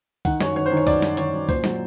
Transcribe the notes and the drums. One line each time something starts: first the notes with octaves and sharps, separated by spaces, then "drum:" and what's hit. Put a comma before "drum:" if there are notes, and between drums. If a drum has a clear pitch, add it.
D#3 F#5, drum: kick, open hi-hat
F#2 C#5, drum: snare
D#3 C#5
C5
D#3
C#5
F#2 D5, drum: kick, open hi-hat
F#2, drum: snare
D#3 C#5, drum: hi-hat
F#2
A#2 C5, drum: kick, open hi-hat
F#3, drum: snare